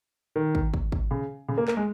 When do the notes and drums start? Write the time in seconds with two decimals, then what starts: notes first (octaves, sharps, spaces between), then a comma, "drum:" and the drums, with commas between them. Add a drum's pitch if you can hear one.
0.36 D#3
0.55 drum: kick
0.74 drum: kick
0.92 drum: kick
1.11 C#3
1.49 C#3
1.58 A#3
1.68 A#3, drum: clap
1.77 G#3